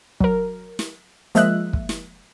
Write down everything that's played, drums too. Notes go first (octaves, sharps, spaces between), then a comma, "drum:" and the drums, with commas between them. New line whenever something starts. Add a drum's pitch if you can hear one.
F#3 A#4, drum: kick
drum: snare
F3 G#3 A#3 D#5 E5 F#6, drum: hi-hat
drum: kick
drum: snare